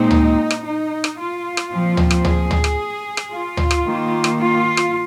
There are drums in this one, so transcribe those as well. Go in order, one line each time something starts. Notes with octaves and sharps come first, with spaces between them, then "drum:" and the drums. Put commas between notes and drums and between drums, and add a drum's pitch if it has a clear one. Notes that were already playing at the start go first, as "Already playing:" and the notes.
Already playing: A#2 G#3 C4 D#4
drum: tom D2
drum: rim click
D#4
drum: rim click
F4
drum: rim click
A#2 F3 C4
drum: tom D2
drum: rim click
G#4, drum: tom D2
drum: tom D2
drum: rim click
drum: rim click
F4
drum: tom D2
drum: rim click
D#3 A#3
drum: rim click
F4
drum: rim click